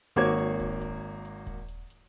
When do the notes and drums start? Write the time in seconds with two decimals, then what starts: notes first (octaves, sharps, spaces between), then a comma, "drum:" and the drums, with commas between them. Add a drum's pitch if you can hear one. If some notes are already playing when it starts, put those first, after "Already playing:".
0.16 G#1 A#3 F#4 C#5 D6 G#6, drum: hi-hat
0.38 drum: hi-hat
0.60 drum: kick D#1, hi-hat
0.81 drum: hi-hat
1.25 drum: hi-hat
1.47 drum: kick D#1, hi-hat
1.68 drum: hi-hat
1.90 drum: hi-hat